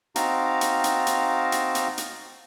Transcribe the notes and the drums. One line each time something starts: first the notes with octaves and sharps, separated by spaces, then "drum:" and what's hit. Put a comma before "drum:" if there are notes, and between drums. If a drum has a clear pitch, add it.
C4 D#4 F#4 F5 A5 A#5, drum: hi-hat
drum: hi-hat
drum: hi-hat
drum: hi-hat
drum: hi-hat
drum: hi-hat
drum: hi-hat